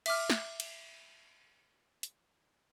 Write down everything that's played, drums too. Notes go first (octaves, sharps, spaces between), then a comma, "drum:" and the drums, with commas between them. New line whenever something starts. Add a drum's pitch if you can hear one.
E5 D6 F6, drum: cymbal
drum: snare
drum: cymbal
drum: hi-hat